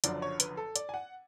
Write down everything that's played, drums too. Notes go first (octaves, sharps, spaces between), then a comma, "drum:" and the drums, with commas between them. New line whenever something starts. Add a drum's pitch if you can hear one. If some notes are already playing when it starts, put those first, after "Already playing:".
F#1 F#2 D3 F3 D5, drum: hi-hat
C#5
B4, drum: hi-hat
A4
D5, drum: hi-hat
G#5
F#5